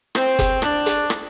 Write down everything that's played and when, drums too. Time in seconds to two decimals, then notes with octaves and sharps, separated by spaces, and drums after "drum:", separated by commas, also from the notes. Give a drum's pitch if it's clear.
0.15 C4, drum: rim click
0.39 drum: kick F#1, hi-hat
0.62 D4, drum: rim click
0.86 drum: hi-hat
1.10 drum: rim click